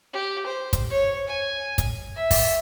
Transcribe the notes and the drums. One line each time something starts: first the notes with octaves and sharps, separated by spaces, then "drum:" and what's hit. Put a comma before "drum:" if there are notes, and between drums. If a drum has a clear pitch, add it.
G4
C5
drum: kick, hi-hat
C#5
G#5
drum: kick, hi-hat
E5
drum: kick, open hi-hat